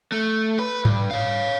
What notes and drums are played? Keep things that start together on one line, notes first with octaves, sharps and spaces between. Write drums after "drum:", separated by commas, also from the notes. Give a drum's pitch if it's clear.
A3
B4
G2, drum: tom G#2
C#5 F5